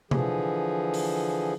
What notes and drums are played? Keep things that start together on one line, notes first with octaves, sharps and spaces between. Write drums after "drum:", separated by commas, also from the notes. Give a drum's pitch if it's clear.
D3 E3 F3 G#4, drum: tom C3
drum: open hi-hat